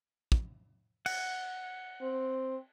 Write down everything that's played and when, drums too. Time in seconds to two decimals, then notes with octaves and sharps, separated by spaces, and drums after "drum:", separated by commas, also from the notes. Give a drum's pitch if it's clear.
0.32 drum: kick
1.06 F#5, drum: cymbal
2.02 C4